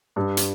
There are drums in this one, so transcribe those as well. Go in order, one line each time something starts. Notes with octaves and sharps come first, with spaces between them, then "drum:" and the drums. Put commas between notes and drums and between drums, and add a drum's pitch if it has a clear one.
G2
drum: hi-hat